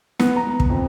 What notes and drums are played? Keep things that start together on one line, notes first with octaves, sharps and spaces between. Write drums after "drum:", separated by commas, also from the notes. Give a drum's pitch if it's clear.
B3, drum: snare
A#5
drum: kick
F2